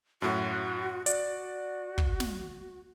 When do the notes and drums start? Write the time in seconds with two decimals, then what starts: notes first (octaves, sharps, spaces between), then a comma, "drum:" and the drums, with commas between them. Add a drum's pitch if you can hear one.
0.22 F#2 A2 F#4
1.06 F#4 D5, drum: hi-hat
1.98 drum: kick
2.20 drum: snare